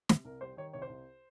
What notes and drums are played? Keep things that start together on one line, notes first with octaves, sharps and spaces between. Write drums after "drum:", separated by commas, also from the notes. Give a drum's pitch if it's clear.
C3, drum: snare
C2 A#4
G3 C5
D#3 C#5
C2 C#5
C5
C2